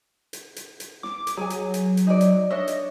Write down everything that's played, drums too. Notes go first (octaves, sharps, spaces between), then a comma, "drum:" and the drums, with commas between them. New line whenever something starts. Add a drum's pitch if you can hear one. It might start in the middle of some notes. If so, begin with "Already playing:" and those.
drum: hi-hat
drum: hi-hat
drum: hi-hat
D6, drum: snare
drum: hi-hat
F#3 G#4 G#5
drum: hi-hat
drum: hi-hat
drum: hi-hat
D#4 D5
drum: hi-hat
D4 C#5 D#5 E5
drum: hi-hat